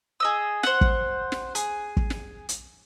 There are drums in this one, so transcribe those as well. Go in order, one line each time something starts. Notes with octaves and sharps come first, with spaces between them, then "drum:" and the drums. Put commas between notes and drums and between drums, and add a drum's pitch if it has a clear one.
G#4 D#5 E6
C5 F#5, drum: snare
drum: kick
drum: snare
G#4, drum: hi-hat
drum: kick
drum: snare
drum: hi-hat